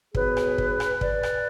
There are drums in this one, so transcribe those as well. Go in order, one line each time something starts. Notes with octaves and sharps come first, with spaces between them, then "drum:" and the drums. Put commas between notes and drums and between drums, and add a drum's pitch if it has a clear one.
G#2 F#3 B3 G#4 B4, drum: kick
drum: rim click
drum: kick
drum: rim click
B4 D5, drum: kick
drum: rim click